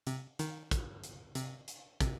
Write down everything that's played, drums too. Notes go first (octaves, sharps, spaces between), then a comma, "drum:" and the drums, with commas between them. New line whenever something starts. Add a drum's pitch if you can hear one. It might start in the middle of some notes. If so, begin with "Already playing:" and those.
C3, drum: hi-hat
D#3, drum: hi-hat
drum: kick, hi-hat
drum: hi-hat
C3, drum: hi-hat
drum: hi-hat
C3, drum: kick, hi-hat